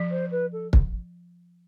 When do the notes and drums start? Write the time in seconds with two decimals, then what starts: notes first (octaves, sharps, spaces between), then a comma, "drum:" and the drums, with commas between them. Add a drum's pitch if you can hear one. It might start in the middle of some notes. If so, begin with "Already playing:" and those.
Already playing: F3
0.10 C5
0.31 B4
0.52 A4
0.73 drum: kick